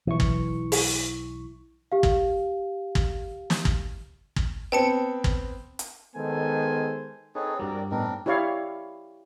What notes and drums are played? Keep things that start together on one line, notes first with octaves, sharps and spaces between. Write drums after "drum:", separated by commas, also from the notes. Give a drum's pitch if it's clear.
B1 E3 C#6
drum: kick
drum: open hi-hat
G4 F5
drum: kick
drum: kick
drum: snare
drum: kick
drum: kick
B3 C4 G5 A5 C#7
drum: kick
drum: hi-hat
D#3 G#3 B3 A4 C5 G#5
C4 D#4 G#4 A4 B4 C#5
G2 G3 C4 F#4 A#4 D5
A2 B3 C4 D4 D#4 A#4
E4 G4 C#5 D5 F5